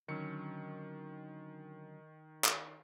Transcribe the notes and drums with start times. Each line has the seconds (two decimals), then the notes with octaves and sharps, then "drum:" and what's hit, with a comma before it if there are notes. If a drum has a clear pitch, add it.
0.08 D3 D#3 F#3 C#4 C#7
2.44 drum: clap